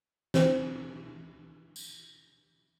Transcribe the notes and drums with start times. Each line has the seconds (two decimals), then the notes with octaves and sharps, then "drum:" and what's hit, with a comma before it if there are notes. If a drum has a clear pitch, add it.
0.34 C4 C5, drum: snare
1.76 drum: tambourine